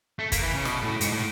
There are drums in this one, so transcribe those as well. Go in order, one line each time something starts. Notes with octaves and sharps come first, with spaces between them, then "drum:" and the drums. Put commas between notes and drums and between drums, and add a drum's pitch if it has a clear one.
A3
A#3, drum: kick, hi-hat
E3
C#3
B2, drum: rim click
A2
G#2, drum: hi-hat
A2